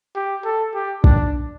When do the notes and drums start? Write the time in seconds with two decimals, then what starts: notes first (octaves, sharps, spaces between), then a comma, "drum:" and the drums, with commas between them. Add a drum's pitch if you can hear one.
0.15 G4
0.45 A4
0.74 G4
1.04 D4, drum: kick